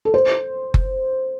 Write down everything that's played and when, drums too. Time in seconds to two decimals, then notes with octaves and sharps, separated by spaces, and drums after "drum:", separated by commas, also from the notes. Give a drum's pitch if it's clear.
0.05 A4
0.14 C5
0.74 drum: kick F#1